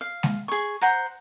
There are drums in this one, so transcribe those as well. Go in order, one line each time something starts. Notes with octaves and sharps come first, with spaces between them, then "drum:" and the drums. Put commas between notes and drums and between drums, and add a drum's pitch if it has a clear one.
F5
drum: snare G#3
G#4 C#6
C5 F#5 A#5